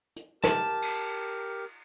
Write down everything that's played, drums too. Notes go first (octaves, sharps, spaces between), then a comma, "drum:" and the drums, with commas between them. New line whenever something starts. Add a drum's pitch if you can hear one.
drum: hi-hat
G4 A#4 A5, drum: snare
drum: cymbal